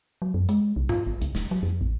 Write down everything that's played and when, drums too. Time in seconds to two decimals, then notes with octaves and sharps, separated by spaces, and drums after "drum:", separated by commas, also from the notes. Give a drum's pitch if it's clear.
0.22 F#3
0.34 F#2
0.49 G#3, drum: hi-hat
0.76 C2
0.89 F4, drum: tom G#2
1.06 G#1
1.22 C#2, drum: hi-hat
1.35 D#1, drum: snare
1.51 F#3
1.63 F2
1.81 A1